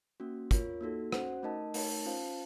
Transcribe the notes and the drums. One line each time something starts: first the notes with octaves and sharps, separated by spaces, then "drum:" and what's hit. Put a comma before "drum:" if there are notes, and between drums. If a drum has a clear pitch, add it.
A#3 C#4 F#4
F4 A#4 C#5, drum: kick, hi-hat
A#3 D#4 F#4 A4
C#4 F#4 C5 F#5, drum: rim click
A3 D#4 A#4 D#5 A5
A3 D#4 A#4 C#5 A5, drum: open hi-hat
C#4 F4 C5 F5 A5